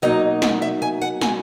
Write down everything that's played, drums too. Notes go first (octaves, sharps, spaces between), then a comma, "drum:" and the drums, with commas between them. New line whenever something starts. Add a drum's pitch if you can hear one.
B2 F#3 A#3 D#4 D#5
drum: snare
E5
G#5
F#5
G#5, drum: snare